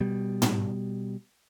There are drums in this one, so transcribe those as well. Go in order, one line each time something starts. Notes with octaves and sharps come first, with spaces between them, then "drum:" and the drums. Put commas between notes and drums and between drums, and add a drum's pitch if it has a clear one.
B2 G3
drum: tom